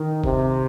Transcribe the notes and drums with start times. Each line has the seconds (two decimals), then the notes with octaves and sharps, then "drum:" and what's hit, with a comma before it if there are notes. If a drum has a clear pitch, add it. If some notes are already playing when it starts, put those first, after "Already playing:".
Already playing: D#3
0.24 C3, drum: kick F#1